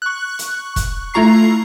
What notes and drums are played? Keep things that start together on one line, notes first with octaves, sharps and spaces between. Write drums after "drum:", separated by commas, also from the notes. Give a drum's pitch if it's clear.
C#6 F#6
drum: hi-hat
drum: kick, hi-hat
A3 E4 F4 A#5 C#6 C7